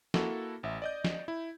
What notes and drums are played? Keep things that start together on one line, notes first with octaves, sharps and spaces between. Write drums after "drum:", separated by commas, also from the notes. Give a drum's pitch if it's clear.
A#3 E4 F#4 A4, drum: snare
A1 E5
D5 D#5 G6
drum: snare
E4